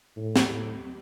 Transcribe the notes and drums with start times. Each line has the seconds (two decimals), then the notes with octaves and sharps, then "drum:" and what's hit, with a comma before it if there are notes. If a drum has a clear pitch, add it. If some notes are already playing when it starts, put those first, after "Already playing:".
0.17 A2
0.36 drum: snare
0.49 A2